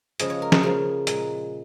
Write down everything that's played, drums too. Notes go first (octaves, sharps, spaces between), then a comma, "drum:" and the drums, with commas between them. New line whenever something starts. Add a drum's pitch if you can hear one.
C#3 F3 G#3 D#5, drum: hi-hat
C#5
A#4
G#4, drum: snare
C#3 F3 A#3 A#4
A#2 G#3, drum: hi-hat